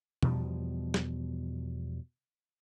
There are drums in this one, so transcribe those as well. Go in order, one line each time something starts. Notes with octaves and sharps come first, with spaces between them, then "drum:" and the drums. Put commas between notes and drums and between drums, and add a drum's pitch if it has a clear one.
E2 B2 F3 G3, drum: tom B2
drum: snare